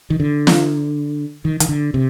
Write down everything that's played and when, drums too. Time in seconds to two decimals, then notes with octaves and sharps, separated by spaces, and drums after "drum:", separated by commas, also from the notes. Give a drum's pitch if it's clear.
0.10 D#3
0.20 D3
0.47 drum: snare
1.45 D#3
1.60 D#3, drum: hi-hat
1.69 D3
1.94 C3